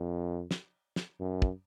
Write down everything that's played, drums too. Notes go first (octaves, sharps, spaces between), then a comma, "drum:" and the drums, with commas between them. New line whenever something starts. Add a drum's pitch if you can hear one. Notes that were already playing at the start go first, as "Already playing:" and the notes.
Already playing: F2
drum: snare
drum: snare
F#2
drum: kick